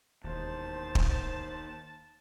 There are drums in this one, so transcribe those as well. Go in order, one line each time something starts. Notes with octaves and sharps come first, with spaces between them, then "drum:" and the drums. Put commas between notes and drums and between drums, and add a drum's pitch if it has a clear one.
E1 D#2 C5 A5
drum: kick